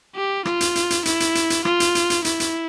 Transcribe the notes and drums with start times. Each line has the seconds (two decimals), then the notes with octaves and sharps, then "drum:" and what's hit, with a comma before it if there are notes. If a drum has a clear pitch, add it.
0.15 G4
0.45 F4, drum: rim click
0.61 drum: hi-hat
0.75 drum: hi-hat
0.90 drum: hi-hat
1.05 E4, drum: hi-hat
1.20 drum: hi-hat
1.35 drum: hi-hat
1.50 drum: hi-hat
1.65 F4, drum: rim click
1.80 drum: hi-hat
1.95 drum: hi-hat
2.10 drum: hi-hat
2.25 E4, drum: hi-hat
2.40 drum: hi-hat